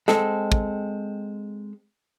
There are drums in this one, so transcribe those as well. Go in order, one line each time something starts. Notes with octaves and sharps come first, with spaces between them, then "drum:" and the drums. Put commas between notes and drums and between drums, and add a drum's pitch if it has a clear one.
G#3 C4 A4, drum: snare
drum: kick